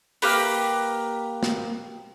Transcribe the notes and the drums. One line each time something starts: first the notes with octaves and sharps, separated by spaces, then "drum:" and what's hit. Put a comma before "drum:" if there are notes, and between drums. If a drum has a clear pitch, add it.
A#3 G4 B4, drum: open hi-hat
drum: snare